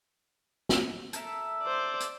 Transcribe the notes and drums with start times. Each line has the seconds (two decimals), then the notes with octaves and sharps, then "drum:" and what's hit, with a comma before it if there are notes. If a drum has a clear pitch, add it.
0.69 drum: snare
1.13 A4 A#4 E5, drum: hi-hat
1.63 C5 D5
2.00 drum: hi-hat